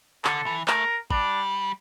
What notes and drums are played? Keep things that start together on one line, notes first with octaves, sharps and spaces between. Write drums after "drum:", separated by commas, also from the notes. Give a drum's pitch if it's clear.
D3 A4, drum: clap
E3
A3 A#4, drum: clap
G3 D4, drum: kick